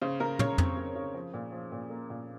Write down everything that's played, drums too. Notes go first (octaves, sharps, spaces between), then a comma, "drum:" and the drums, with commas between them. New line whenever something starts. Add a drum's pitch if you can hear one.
C#3 C5
C#3 A#4
C#3 C#5, drum: tom
C4, drum: tom
C#3
C#3
F3
A#2
F3
A#2
A#3
A#2